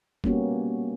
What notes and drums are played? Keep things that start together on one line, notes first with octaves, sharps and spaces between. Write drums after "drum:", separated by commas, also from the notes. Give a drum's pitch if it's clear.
G3 A#3 B3 C#4 F#4 G4, drum: kick F#1